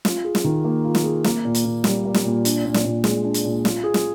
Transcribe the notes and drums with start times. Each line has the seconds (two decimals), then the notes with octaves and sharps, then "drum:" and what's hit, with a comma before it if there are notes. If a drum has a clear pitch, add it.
0.05 F4, drum: snare
0.25 G#4
0.35 drum: snare
0.44 D#3
0.64 A#3
0.85 F4
0.95 drum: snare
1.04 G#4
1.24 A#3, drum: snare
1.45 A#2
1.55 drum: hi-hat
1.65 A#2
1.84 G3, drum: snare
2.05 A#3
2.14 drum: snare
2.25 A#2
2.45 D4, drum: hi-hat
2.65 A#2
2.74 drum: snare
2.85 A#2
3.04 G#3, drum: snare
3.24 D4
3.34 drum: hi-hat
3.44 A#2
3.65 F4, drum: snare
3.84 G#4
3.94 drum: snare